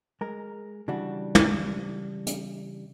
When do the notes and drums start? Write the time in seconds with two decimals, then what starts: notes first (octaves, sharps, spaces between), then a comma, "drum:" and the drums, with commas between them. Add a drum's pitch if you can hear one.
0.21 G#3 A#4
0.88 C#3 E3 G3 D4 F#4
1.35 drum: tom
2.27 drum: hi-hat